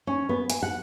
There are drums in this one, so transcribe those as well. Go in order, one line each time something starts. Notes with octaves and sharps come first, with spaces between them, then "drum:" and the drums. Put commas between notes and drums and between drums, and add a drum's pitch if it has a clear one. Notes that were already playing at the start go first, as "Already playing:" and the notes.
C#4
B3
G#5, drum: hi-hat
F#5